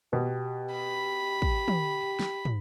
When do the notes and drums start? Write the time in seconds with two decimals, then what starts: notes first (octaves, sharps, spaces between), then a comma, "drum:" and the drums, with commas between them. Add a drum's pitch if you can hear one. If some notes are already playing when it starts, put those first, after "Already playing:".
0.13 B2 G4
0.72 B5
1.42 drum: kick
1.68 drum: tom
2.19 drum: snare
2.45 drum: tom